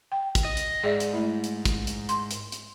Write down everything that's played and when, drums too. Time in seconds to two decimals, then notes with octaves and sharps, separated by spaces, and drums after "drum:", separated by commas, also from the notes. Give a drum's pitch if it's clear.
0.12 G5
0.35 drum: kick, hi-hat
0.45 D#5
0.57 drum: hi-hat
0.83 G#2 G#4 D5 E5
1.00 drum: hi-hat
1.14 A3 E4
1.44 drum: hi-hat
1.65 drum: kick, hi-hat
1.87 drum: hi-hat
2.09 C6, drum: hi-hat
2.31 drum: hi-hat
2.52 drum: hi-hat